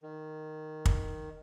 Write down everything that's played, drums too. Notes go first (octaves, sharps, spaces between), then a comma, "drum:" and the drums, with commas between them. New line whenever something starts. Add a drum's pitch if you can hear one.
D#3
drum: kick